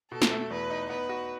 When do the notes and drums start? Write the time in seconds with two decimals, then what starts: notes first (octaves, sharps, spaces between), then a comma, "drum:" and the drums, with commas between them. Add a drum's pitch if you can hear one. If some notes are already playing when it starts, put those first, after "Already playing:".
0.11 B2 A4
0.22 drum: snare
0.31 A3
0.50 E2 B4
0.70 D#4
0.89 B3 B4
1.09 F#4